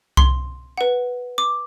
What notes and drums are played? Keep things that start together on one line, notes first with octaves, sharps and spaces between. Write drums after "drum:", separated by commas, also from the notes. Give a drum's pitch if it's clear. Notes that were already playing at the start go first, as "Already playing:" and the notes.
C6, drum: kick C2
B4 F#5
D6